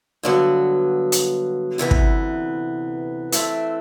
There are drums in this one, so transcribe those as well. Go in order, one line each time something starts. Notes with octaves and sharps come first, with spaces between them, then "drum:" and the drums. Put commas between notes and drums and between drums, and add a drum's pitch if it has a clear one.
G2 D3 F#3 B3
drum: hi-hat
D2 C3 E3 B3
drum: kick
E3 A3 C4, drum: hi-hat